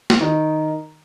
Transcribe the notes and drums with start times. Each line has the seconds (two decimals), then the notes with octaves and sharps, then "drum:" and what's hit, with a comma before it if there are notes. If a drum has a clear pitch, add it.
0.10 drum: snare
0.21 D#3